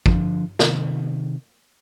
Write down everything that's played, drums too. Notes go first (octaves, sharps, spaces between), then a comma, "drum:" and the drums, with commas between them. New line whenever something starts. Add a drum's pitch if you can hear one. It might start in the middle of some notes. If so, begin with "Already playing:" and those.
D3 F3, drum: kick
C3 D#3, drum: snare